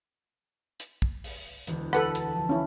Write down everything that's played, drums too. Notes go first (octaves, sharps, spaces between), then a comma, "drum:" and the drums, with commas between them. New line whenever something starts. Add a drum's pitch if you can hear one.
drum: hi-hat
drum: kick
drum: open hi-hat
E1 D2 F#4, drum: hi-hat
A4 B4 F#5 A5, drum: rim click
A5 E6, drum: hi-hat
F3
C#4 E4